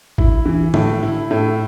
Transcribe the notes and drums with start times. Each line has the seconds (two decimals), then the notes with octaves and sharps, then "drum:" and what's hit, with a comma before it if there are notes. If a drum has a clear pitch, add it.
0.18 E4, drum: kick
0.46 E3
0.74 A2, drum: tom
1.03 E4
1.31 A2